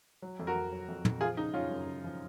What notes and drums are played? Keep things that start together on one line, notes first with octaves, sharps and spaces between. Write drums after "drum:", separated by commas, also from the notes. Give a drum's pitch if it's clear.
F#3
F2
F#4 A#4
F2
F#3
F2
F2, drum: tom
F3 F4 G#4
C#3 D#4
F#2 C#4 F4
F#2
C#3
F3